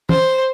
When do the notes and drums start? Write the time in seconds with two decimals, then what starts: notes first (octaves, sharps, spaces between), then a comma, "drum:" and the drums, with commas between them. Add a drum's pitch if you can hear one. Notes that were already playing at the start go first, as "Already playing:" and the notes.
0.09 C5, drum: tom